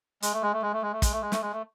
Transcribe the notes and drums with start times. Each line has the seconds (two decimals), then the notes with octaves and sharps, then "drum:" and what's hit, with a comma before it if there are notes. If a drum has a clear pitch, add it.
0.22 G#3, drum: hi-hat
0.33 A3
0.42 G#3
0.53 A3
0.62 G#3
0.73 A3
0.82 G#3
0.92 A3
1.02 G#3, drum: kick, hi-hat
1.12 A3
1.22 G#3
1.32 A3, drum: snare
1.42 G#3
1.52 A3